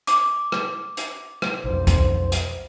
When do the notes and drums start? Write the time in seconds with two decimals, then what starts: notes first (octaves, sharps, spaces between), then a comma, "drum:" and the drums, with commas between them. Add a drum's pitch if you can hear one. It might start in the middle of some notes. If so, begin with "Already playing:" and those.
0.07 D6, drum: hi-hat
0.52 drum: rim click
0.97 drum: hi-hat
1.42 drum: rim click
1.64 B1 F2 C5
1.87 drum: kick C2, hi-hat
2.32 drum: hi-hat